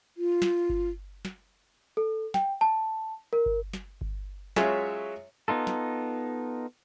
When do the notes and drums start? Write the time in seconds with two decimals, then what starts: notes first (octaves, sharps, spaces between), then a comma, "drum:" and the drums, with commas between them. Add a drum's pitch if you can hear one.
0.17 F4
0.42 drum: snare
0.69 drum: kick G1
1.25 drum: snare
1.97 A4
2.34 G5, drum: snare
2.61 A5
3.33 A#4
3.46 drum: kick G1
3.73 drum: snare
4.01 drum: kick G1
4.56 F#3 G#3 C#4 F4 C#5 E5, drum: snare
5.48 B3 D#4 F4 A4
5.67 drum: snare